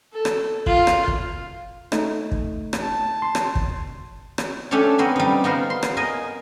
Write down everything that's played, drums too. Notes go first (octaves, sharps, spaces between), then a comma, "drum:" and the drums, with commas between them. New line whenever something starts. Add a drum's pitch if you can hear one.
A4
drum: rim click
F4, drum: kick
drum: rim click
drum: kick
A3 D#4, drum: rim click
drum: kick
drum: rim click
A5
C6
drum: rim click
drum: kick
drum: rim click
A3 C#4 D4 G4 A4 C#5
B3 C4 A#4 G#5
G3 D#4
B3 D#4 F4 A#4 C5
C6
drum: rim click
A#4 D#5 G#5